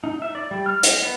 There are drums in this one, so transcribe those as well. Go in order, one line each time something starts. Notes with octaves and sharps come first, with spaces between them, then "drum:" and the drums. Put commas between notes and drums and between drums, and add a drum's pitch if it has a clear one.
D#4
E5
D5
G3
F6
D#5, drum: hi-hat
B3